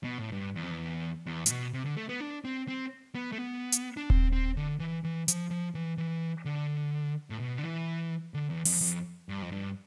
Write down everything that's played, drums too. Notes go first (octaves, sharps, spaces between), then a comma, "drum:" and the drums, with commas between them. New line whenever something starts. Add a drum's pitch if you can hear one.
B2
A2
G2
E2
F2
E2
E2
A2, drum: hi-hat
B2
C3
D3
A3
B3
D4
C4
C4
B3
A3
B3
drum: hi-hat
D4
C4, drum: kick D#1
C4
D3
E3
E3
F3, drum: hi-hat
F3
E3
E3
D3
A2
B2
D3
E3
D3
E2
F2, drum: open hi-hat
F2
G2
F2
G2